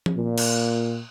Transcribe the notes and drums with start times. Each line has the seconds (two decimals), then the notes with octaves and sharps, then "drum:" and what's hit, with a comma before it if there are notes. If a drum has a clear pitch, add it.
0.06 drum: tom F3
0.15 A#2
0.38 drum: cymbal